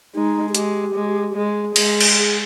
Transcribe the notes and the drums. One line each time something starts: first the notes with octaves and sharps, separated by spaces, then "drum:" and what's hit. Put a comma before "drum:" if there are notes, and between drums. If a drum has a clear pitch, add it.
G#3 D#4
G#4
G#3 G4, drum: hi-hat
G#3
G#3 G#4
G#3, drum: cymbal
drum: cymbal
G#4